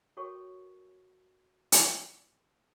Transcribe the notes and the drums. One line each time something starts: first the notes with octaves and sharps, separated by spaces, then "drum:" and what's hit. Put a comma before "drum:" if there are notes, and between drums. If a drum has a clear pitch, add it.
F#4 A4 A#4 C#5 G5 C#6
drum: hi-hat